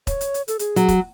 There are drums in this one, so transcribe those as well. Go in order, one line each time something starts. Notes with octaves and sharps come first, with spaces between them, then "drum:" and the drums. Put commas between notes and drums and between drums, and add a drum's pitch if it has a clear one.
C#5, drum: kick E1, hi-hat
drum: hi-hat
drum: hi-hat
A4, drum: hi-hat
G#4, drum: hi-hat
F#3, drum: hi-hat
drum: kick E1, hi-hat